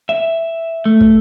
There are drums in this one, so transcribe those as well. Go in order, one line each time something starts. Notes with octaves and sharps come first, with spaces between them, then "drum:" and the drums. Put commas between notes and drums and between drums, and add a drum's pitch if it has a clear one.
E5
A3
drum: kick